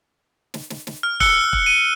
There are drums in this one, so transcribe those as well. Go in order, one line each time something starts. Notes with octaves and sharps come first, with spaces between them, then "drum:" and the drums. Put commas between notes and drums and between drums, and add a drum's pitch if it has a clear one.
drum: snare
drum: snare
drum: snare
F6
E6 F#6 C#7 G7, drum: kick
drum: kick
D#7